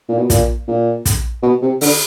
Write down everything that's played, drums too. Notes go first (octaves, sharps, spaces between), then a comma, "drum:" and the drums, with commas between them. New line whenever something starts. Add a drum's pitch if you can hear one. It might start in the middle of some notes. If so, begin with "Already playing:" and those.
A#2
B2
A#2, drum: kick, hi-hat
A#2
drum: kick, hi-hat
B2
C3
D3, drum: open hi-hat